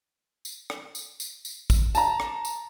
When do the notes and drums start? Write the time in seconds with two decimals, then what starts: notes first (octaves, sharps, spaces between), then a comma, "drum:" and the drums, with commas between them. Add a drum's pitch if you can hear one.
0.45 drum: tambourine
0.70 drum: rim click
0.95 drum: tambourine
1.20 drum: tambourine
1.45 drum: tambourine
1.70 drum: kick, tambourine
1.95 A5 A#5, drum: tambourine
2.20 drum: rim click
2.45 drum: tambourine